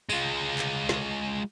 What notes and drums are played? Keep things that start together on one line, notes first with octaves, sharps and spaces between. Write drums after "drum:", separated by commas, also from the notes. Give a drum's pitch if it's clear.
G#3 F4, drum: tambourine
drum: clap
drum: snare